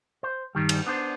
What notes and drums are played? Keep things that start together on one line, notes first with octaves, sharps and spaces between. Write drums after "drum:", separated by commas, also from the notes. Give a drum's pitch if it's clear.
C5
G2 D#3 G3
drum: cymbal
B3 D4 C5